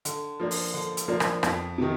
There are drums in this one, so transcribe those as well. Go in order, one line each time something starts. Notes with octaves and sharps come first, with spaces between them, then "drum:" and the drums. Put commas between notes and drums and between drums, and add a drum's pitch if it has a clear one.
D3, drum: hi-hat
F3 A#3 D4
drum: open hi-hat
D3
drum: hi-hat
F3 A#3 D4
drum: rim click
F2, drum: rim click
C3 D#3